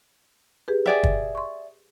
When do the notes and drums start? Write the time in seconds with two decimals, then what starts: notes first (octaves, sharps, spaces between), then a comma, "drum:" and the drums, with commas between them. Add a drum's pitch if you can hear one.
0.68 G4 G#4 B4
0.86 G#4 D5 E5 F#5 G5 G#6
1.03 drum: kick
1.35 C6 C#6